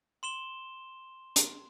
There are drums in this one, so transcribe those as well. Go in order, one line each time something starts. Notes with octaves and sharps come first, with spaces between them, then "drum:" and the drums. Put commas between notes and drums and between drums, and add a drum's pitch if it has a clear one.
C6 E7 G7
drum: hi-hat